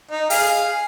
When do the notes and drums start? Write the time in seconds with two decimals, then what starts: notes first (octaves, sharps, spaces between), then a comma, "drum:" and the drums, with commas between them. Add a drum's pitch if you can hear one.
0.11 D#4
0.30 G#4 F5, drum: open hi-hat